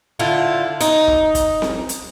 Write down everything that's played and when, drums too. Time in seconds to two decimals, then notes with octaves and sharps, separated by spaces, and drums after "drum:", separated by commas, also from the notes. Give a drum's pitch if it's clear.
0.19 D3 E4 F4
0.80 D#4, drum: hi-hat
1.08 drum: kick
1.35 drum: kick, hi-hat
1.62 drum: snare C4
1.89 drum: hi-hat